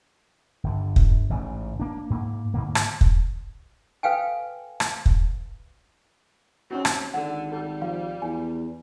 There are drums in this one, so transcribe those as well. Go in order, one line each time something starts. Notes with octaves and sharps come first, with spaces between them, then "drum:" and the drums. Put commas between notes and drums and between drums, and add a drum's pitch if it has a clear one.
G1 D3
drum: kick
A1 G#2 C#3
A#3 D4
G#2 A#3
G#2 D3 A#3
drum: rim click
drum: kick
A4 B4 F5 G5 G#5
drum: rim click
drum: kick
C4 C#4 D#4 F#4
drum: rim click
G#1 D3 F#5
G3 A4
F3 F5
E2 G#5